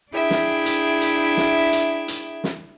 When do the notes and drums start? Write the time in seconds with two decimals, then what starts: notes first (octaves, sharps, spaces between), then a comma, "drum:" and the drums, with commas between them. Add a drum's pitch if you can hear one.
0.13 D4 E4 G#4 E5 G5
0.31 drum: snare
0.66 drum: hi-hat
1.02 drum: hi-hat
1.37 drum: snare
1.73 drum: hi-hat
2.08 drum: hi-hat
2.44 drum: snare